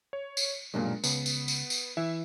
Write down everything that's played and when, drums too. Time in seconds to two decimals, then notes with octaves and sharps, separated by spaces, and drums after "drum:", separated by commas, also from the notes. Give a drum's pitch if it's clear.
0.13 C#5
0.37 drum: tambourine
0.74 B1 G2 A#2 G#3 D4 A#4
1.04 C#2 B3, drum: tambourine
1.26 drum: tambourine
1.48 drum: tambourine
1.70 drum: tambourine
1.97 E3 E5